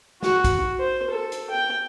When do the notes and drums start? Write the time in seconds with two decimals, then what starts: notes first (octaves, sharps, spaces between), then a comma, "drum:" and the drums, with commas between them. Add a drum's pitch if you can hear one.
0.23 F#4, drum: snare
0.44 drum: kick, hi-hat
0.79 C5
1.11 A4
1.32 drum: hi-hat
1.50 G5